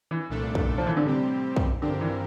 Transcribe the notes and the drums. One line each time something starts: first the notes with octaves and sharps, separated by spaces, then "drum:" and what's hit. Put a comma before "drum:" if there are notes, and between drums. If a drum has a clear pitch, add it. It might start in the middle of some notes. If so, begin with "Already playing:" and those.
E3
C2 A#2 A3 D4 A4
drum: kick
F3
E3
D3
A2 C3 G3 C4 G4
drum: kick
G2 D3 F3 C4 G4 A#4
E3